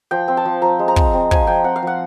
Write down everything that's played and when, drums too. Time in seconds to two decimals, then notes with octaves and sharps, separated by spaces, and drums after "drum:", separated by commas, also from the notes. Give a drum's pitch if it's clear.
0.11 F3 G5
0.28 C4
0.37 A5
0.45 F3
0.62 F3 A#5
0.79 G#3
0.88 A#5
0.96 C4, drum: kick
1.13 C4
1.31 F3 G#5, drum: kick
1.47 F3 G5
1.64 C4 F#5
1.76 F5
1.82 F3 F#5